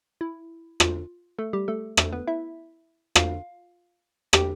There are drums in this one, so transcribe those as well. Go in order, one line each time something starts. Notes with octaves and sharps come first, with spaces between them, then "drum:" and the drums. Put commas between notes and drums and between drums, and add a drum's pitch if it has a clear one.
E4
F4, drum: rim click
A3 A4
G3 G4
A3 A4
A3 A4, drum: rim click
B3 B4
E4 E5
F4 F5, drum: rim click
G4 G5, drum: rim click